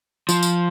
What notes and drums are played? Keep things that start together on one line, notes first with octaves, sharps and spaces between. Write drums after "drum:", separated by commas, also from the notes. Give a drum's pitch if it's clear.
F3, drum: tambourine
drum: tambourine